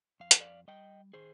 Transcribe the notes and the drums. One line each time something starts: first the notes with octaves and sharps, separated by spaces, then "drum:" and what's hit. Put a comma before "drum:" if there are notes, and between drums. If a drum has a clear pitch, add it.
F2 F5
G5, drum: hi-hat
D5 F5
G3 D#5 G5
D#3 G#4 C5